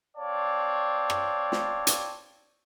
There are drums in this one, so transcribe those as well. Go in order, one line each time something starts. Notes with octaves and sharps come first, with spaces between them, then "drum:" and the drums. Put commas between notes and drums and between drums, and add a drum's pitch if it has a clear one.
C4 C#5 D5 F5 A5
drum: rim click
drum: snare
drum: hi-hat